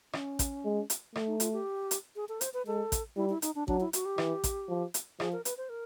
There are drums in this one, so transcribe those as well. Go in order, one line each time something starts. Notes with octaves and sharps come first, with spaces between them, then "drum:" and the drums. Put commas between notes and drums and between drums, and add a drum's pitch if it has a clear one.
C#4, drum: rim click
drum: kick A1, hi-hat
G#3
drum: hi-hat
A3, drum: rim click
D#4
F4, drum: hi-hat
G4
drum: hi-hat
G#4
A4
C5, drum: hi-hat
B4
G#3 A4
drum: kick A1, hi-hat
G3 E4
E4
D#4, drum: hi-hat
D4
F#3 D4, drum: kick A1
E4
F#4, drum: hi-hat
G4
E3, drum: rim click
drum: kick A1, hi-hat
F3
drum: hi-hat
F3 G#4, drum: rim click
A#4
B4, drum: hi-hat
C5
A#4